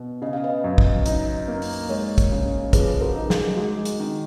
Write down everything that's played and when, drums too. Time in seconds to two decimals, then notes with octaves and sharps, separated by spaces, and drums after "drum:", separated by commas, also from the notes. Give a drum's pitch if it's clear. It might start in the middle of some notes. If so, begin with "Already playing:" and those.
Already playing: B2
0.22 C#3 D#5
0.33 F5
0.44 B4 D#5
0.64 F#2
0.78 drum: kick
1.06 D#4, drum: hi-hat
1.48 A#3
1.62 drum: open hi-hat
1.89 G#3 A#4 C#5
2.18 drum: kick, hi-hat
2.32 C#3
2.73 F3 G#4 B4, drum: kick, hi-hat
3.01 F#4 A#4
3.16 D#4
3.30 G#4, drum: snare
3.57 G#3 F#4
3.85 drum: hi-hat
4.00 D#3